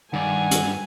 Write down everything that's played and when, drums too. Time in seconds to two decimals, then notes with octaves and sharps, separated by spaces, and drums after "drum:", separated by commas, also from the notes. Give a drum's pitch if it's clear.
0.13 G2 D#3 D5 F#5 G#5
0.51 drum: hi-hat